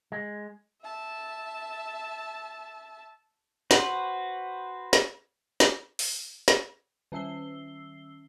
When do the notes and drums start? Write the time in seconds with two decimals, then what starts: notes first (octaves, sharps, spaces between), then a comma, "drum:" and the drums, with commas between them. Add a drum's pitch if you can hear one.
0.12 G#3
0.82 E5 A5
3.71 F#4 B4 C5, drum: snare
4.93 drum: snare
5.60 drum: snare
5.99 drum: open hi-hat
6.48 drum: snare
7.12 D#3 C#4 E5 E6 C7 G7